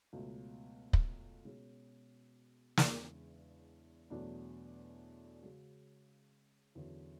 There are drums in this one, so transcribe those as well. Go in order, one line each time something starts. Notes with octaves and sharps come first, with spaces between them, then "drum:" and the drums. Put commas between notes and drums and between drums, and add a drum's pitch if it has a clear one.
C#2 B2 F#3 A3
drum: kick
B2 G#3 C#4 G#4
E2 C#3 G#3 D4, drum: snare
E2 B2 F#3 A3 D4
C#3 G#3 C#4 F#4
E2 D3 F#3 C#4 F#4